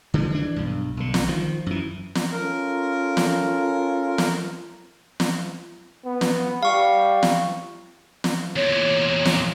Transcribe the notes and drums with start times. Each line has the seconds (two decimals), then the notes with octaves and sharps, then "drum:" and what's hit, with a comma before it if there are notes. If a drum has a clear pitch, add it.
0.14 D3 F3 G#3
0.31 E3 D4
0.56 B1 G2
0.97 B1 D3
1.14 drum: snare
1.28 D#3 F3
1.67 F#2 E3
2.15 drum: snare
2.32 C#4 F4 A4 A#4
3.17 drum: snare
4.18 drum: snare
5.20 drum: snare
6.05 B3
6.21 drum: snare
6.63 G3 F5 C#6
7.23 drum: snare
8.24 drum: snare
8.56 E2 A#2 C#5
9.25 drum: snare